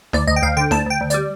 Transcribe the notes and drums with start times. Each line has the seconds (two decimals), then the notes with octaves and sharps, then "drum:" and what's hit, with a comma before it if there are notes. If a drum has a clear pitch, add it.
0.13 D2 D5, drum: snare
0.27 D2 D#5
0.36 G5
0.42 D2 F5
0.57 D3 G5
0.71 D2 A5, drum: snare
0.86 D2 G5
1.01 D2
1.10 D5, drum: hi-hat
1.14 G3